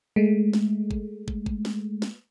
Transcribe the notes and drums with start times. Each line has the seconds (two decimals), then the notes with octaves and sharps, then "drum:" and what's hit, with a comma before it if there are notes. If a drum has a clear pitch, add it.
0.16 G#3 A3
0.53 drum: snare
0.91 drum: kick
1.28 drum: kick
1.46 drum: kick
1.65 drum: snare
2.02 drum: snare